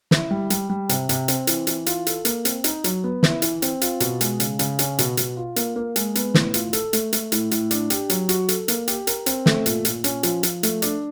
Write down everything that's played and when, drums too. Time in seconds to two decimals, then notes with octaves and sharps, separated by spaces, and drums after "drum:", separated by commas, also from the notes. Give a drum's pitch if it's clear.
0.11 E4, drum: snare
0.31 G3
0.50 G3, drum: hi-hat
0.69 G3
0.89 C3, drum: hi-hat
1.09 C3, drum: hi-hat
1.28 C4, drum: hi-hat
1.47 E3, drum: hi-hat
1.67 E3, drum: hi-hat
1.86 F4, drum: hi-hat
2.06 A4, drum: hi-hat
2.25 A#3, drum: hi-hat
2.45 C4, drum: hi-hat
2.64 D#4, drum: hi-hat
2.84 F#3, drum: hi-hat
3.04 B3
3.23 E4, drum: snare
3.42 E3, drum: hi-hat
3.62 C4, drum: hi-hat
3.81 F4, drum: hi-hat
4.00 B2, drum: hi-hat
4.21 G#3, drum: hi-hat
4.40 C#3, drum: hi-hat
4.59 C#3, drum: hi-hat
4.79 C#4, drum: hi-hat
4.99 B2, drum: hi-hat
5.17 B2, drum: hi-hat
5.37 F4
5.56 A#3, drum: hi-hat
5.76 A#3
5.96 G#3, drum: hi-hat
6.15 B3, drum: hi-hat
6.34 A2, drum: snare
6.54 F4, drum: hi-hat
6.73 A4, drum: hi-hat
6.93 A3, drum: hi-hat
7.13 A3, drum: hi-hat
7.32 A2, drum: hi-hat
7.51 A2, drum: hi-hat
7.71 D4, drum: hi-hat
7.90 G4, drum: hi-hat
8.10 F#3, drum: hi-hat
8.29 F#4, drum: hi-hat
8.49 A4, drum: hi-hat
8.68 A#3, drum: hi-hat
8.88 G4, drum: hi-hat
9.07 A#4, drum: hi-hat
9.26 C4, drum: hi-hat
9.46 A3, drum: snare
9.66 A#2, drum: hi-hat
9.85 A#2, drum: hi-hat
10.04 C#4, drum: hi-hat
10.23 F3, drum: hi-hat
10.43 F3, drum: hi-hat
10.63 A3, drum: hi-hat
10.82 D4, drum: hi-hat